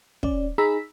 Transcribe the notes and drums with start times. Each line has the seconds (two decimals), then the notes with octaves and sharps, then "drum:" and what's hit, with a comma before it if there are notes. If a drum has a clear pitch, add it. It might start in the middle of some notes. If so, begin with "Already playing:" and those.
0.23 C#4 D5, drum: kick
0.58 D#4 G#4 A#5 B5 E6 B6